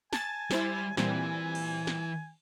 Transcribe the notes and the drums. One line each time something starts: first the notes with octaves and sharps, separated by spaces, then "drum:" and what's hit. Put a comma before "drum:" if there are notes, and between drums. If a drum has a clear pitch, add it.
G#5 A5 A6, drum: snare
G3 E4 C5 A6, drum: snare
A#2 E3 G3 C4 G#5, drum: snare
drum: cymbal
drum: snare